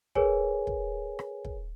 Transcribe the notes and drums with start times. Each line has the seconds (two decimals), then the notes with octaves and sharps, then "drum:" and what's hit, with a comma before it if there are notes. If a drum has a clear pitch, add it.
0.15 G#4 A#4 B4 C#5 G#5, drum: kick
0.67 drum: kick
1.19 drum: rim click
1.45 drum: kick